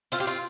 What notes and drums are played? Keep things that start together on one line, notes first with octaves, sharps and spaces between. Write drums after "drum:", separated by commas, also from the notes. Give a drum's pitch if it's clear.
C4 F4, drum: hi-hat
G4
F4